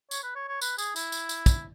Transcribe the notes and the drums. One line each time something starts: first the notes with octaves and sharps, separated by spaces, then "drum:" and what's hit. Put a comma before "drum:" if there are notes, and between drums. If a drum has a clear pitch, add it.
C#5, drum: tambourine
B4
C#5
C#5
B4, drum: tambourine
G#4, drum: tambourine
E4, drum: tambourine
drum: tambourine
drum: tambourine
drum: kick, tambourine